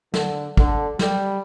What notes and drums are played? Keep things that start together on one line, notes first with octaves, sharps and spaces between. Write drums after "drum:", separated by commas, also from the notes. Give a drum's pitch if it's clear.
D3, drum: snare
D3, drum: kick
G3, drum: snare